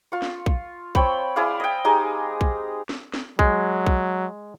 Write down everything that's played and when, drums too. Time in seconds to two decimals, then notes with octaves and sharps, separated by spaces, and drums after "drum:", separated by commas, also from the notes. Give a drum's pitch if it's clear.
0.12 F4 C#6
0.22 drum: snare
0.46 drum: kick
0.95 C4 C#5 G5 B5, drum: kick
1.36 E4 G#4 D5 F5
1.60 D#5 G5
1.85 G#3 D#4 G4 G#4
2.41 drum: kick
2.89 drum: snare
3.14 drum: snare
3.39 F#3 G#3, drum: kick
3.87 drum: kick